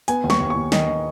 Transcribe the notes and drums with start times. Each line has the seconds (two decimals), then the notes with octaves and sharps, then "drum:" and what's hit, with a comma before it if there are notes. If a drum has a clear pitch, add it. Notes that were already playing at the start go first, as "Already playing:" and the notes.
0.08 B3 G#5, drum: hi-hat
0.24 D#2
0.30 C#6, drum: snare
0.40 D#2
0.50 C#6
0.56 D#2
0.72 D#3 D#5, drum: snare
0.88 D#3